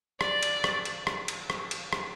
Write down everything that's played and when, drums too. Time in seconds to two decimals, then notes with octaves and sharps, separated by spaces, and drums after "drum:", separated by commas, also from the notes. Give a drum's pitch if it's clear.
0.21 D5, drum: rim click
0.43 drum: cymbal
0.64 drum: rim click
0.85 drum: cymbal
1.07 drum: rim click
1.28 drum: cymbal
1.50 drum: rim click
1.71 drum: cymbal
1.93 drum: rim click